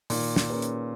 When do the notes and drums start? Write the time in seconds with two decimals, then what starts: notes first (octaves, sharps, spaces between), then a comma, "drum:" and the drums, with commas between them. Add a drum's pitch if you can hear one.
0.10 A#2 D#3, drum: open hi-hat
0.36 drum: snare
0.50 A#3 C#4 G#4 B4
0.62 drum: hi-hat